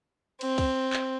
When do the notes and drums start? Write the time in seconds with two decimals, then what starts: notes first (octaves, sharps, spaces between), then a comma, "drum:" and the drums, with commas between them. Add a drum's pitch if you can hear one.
0.41 C4, drum: cymbal
0.58 drum: kick, cymbal
0.93 drum: clap